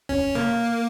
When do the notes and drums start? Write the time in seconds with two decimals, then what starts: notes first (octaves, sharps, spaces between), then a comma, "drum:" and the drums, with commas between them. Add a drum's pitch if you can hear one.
0.09 C#4, drum: kick F1
0.35 A#3, drum: snare